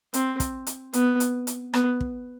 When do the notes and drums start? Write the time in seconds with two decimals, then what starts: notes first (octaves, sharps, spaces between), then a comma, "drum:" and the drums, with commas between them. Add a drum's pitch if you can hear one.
0.14 C4, drum: hi-hat
0.40 drum: kick, hi-hat
0.67 drum: hi-hat
0.93 B3, drum: hi-hat
1.20 drum: hi-hat
1.47 drum: hi-hat
1.74 B3, drum: rim click
2.00 drum: kick